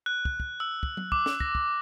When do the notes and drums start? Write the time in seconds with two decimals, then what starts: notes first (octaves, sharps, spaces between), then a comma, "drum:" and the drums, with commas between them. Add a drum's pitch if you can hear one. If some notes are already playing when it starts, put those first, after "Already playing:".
0.06 F#6
0.25 drum: kick
0.40 drum: kick
0.60 E6
0.83 drum: kick
0.97 drum: tom F#3
1.12 D6, drum: kick
1.26 drum: snare
1.40 A#6, drum: kick
1.55 drum: kick